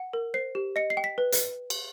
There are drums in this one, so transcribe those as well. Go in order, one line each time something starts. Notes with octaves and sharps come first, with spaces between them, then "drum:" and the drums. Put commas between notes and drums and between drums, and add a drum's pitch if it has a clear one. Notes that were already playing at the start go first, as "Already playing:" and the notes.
Already playing: F#5
A#4
C5 C7
G4
D#5 C#7
C7
G5
B6
B4
drum: hi-hat
drum: cymbal